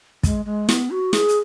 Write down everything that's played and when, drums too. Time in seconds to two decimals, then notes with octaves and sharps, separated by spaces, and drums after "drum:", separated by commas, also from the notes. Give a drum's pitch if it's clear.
0.23 G#3, drum: kick, hi-hat
0.45 G#3
0.69 B3, drum: snare
0.90 F#4
1.13 G#4, drum: snare
1.28 drum: hi-hat